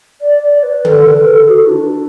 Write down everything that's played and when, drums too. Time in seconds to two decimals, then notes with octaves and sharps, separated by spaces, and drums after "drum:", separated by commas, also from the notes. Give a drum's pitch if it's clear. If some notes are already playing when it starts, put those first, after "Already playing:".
0.21 D5
0.42 D5
0.63 B4
0.85 A4, drum: tom D3
1.06 B4
1.27 A4
1.48 F#4
1.69 D4